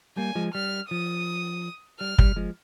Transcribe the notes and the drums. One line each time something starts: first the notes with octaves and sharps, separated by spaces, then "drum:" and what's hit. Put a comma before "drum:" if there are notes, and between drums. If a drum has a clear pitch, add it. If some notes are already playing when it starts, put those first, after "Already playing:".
G3 A#3 G#5
F3 G#3
G3 F6
F3 D#6
G3 F6
G3, drum: kick
F3 G#3